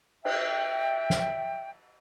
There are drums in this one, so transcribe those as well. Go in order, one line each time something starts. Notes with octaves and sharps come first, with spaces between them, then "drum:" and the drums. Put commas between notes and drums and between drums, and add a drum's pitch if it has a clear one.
E5 G5, drum: cymbal
drum: snare